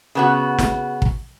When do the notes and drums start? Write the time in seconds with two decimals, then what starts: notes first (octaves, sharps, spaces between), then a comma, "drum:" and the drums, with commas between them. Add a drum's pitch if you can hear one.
0.15 C#3 B3 F#4
0.58 drum: snare
1.02 drum: kick